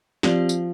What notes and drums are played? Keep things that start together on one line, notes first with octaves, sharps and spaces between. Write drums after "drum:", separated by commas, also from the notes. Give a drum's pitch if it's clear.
F3 C4 G4 D5, drum: snare
drum: tambourine